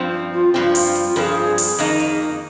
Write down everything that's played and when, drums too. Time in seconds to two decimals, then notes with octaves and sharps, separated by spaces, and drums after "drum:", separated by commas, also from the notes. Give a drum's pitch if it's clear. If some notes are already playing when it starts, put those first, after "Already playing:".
Already playing: G2 F3 C4
0.33 F4
0.54 G2 F3 C4 F4
0.75 drum: open hi-hat
0.96 drum: hi-hat
1.16 G2 F3 C4 G#4 A#4, drum: hi-hat
1.58 drum: open hi-hat
1.79 F2 D#3 A#3 D#4, drum: hi-hat
2.00 drum: hi-hat